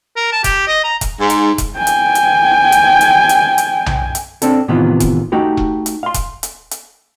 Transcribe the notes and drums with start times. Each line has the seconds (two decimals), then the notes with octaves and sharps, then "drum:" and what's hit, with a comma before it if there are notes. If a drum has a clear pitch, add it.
0.16 A#4
0.33 A5
0.44 G4, drum: kick E1, hi-hat
0.68 D#5
0.84 A#5
1.01 drum: kick E1, hi-hat
1.19 G#2
1.30 drum: hi-hat
1.58 drum: kick E1, hi-hat
1.76 G5 G#5
1.87 drum: hi-hat
2.15 drum: hi-hat
2.72 drum: hi-hat
3.01 drum: hi-hat
3.29 drum: hi-hat
3.58 drum: hi-hat
3.86 drum: tom B1
4.15 drum: hi-hat
4.42 C4 D4 A4, drum: hi-hat
4.68 A2 C3 D#3 E3 B3 F4
5.00 drum: kick E1, hi-hat
5.32 A3 D#4 F#4 G4
5.57 drum: kick E1
5.86 drum: hi-hat
6.03 F5 C6
6.14 drum: kick E1, hi-hat
6.43 drum: hi-hat
6.71 drum: hi-hat